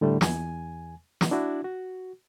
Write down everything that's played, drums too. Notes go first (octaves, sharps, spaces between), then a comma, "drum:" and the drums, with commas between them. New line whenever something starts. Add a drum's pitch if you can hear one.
A2 D3 G3 A3
E2 G#5, drum: snare
drum: snare
D4 E4 F#4
F#4